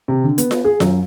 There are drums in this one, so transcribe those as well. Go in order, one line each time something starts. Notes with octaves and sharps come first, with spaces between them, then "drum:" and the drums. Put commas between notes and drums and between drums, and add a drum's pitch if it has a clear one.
C3
D3
B3, drum: hi-hat
drum: snare F4
G#4
F#2, drum: snare F4